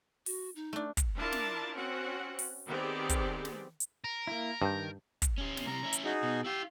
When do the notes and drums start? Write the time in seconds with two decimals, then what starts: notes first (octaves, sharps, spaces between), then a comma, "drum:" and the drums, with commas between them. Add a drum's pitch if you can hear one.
0.26 F#4, drum: open hi-hat
0.56 D#4
0.73 A3 D4
0.97 drum: kick, hi-hat
1.17 D4 E4 F4 A#4 A5
1.32 drum: snare
1.76 C4 C#4 F#4 F#5
2.39 drum: open hi-hat
2.67 D#3 B3 C4 G4 G#4 D5
3.09 drum: kick, hi-hat
3.45 drum: snare
3.80 drum: hi-hat
4.04 A#4
4.27 A#3 E4
4.62 G2 D#3 G6
5.22 drum: kick, hi-hat
5.38 C#4 G4
5.57 drum: snare
5.67 C3 G3 A#5
5.83 C#4 E4
5.93 drum: hi-hat
6.04 D#4 F#4 G#4
6.23 B2
6.45 E4 G4 F5 E6